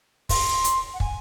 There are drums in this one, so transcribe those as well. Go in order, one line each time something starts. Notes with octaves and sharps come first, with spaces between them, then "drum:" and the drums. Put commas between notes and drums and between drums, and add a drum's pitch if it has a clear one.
C6, drum: kick, open hi-hat
drum: hi-hat
F#5
G#5, drum: kick